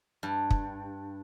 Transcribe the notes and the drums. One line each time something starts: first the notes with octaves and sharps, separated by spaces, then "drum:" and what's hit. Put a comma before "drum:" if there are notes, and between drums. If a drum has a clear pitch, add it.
G2
drum: kick